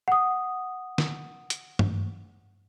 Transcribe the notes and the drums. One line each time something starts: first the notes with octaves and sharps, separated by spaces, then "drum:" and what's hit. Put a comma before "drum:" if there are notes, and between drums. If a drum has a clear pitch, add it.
F#5 D#6
drum: snare
drum: hi-hat
drum: tom G2